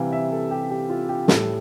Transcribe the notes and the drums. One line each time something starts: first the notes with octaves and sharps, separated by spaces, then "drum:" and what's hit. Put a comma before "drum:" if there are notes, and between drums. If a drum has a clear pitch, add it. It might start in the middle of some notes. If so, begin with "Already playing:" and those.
Already playing: C3 E3 G3 F5 G5
E5
A4
G4
G4
F4
G4
A2 G3 A4, drum: snare